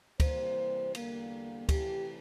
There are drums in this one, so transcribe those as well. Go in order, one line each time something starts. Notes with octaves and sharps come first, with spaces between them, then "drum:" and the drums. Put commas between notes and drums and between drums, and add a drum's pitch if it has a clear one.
C3 E3 G3 A#3 C5, drum: kick, cymbal
E2 D3 G3 A#3, drum: cymbal
C3 E3 A3 G4, drum: kick, cymbal